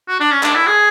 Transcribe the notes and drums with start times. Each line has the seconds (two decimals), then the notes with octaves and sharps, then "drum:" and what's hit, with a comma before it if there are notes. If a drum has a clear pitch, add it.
0.08 F#4
0.20 D4
0.31 C#4
0.43 D4, drum: clap
0.55 E4
0.67 G#4